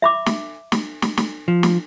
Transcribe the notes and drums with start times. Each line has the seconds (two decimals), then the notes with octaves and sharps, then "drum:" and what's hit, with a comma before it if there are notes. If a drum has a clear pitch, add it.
0.02 E5 B5 D6
0.26 drum: snare
0.72 drum: snare
1.02 drum: snare
1.17 drum: snare
1.48 F3
1.63 drum: snare